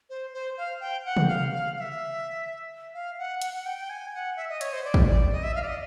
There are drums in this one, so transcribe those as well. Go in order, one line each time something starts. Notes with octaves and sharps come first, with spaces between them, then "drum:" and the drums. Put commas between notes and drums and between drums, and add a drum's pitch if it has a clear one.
C5
C5
F5
G5
F#5
drum: tom
F5
F5
F5
E5
F5
F#5
F#5, drum: hi-hat
F#5
G5
G5
G#5
F#5
E5
D#5
C#5, drum: hi-hat
C5
D5
drum: kick
D5
D#5
E5
F5
D5
D#5